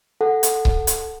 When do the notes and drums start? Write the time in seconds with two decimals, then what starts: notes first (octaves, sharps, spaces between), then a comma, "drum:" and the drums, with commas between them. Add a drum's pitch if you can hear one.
0.21 A4 F#5
0.43 drum: hi-hat
0.65 drum: kick C#1
0.87 drum: hi-hat